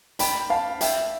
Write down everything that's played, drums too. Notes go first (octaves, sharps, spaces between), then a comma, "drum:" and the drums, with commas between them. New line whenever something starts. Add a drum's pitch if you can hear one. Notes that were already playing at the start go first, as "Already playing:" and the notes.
G5 B5, drum: hi-hat
F5 A5
E5 G5, drum: hi-hat